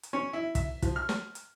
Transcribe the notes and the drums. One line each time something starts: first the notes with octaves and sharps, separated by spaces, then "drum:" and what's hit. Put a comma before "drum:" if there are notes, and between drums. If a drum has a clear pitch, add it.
drum: hi-hat
C#4
E4
E5, drum: kick, hi-hat
F3, drum: kick, hi-hat
F6
drum: snare
drum: hi-hat